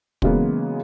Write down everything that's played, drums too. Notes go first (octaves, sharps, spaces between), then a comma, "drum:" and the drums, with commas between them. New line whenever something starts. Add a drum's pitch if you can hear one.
C#3 E3 F#3 G#3 A#3 B3, drum: kick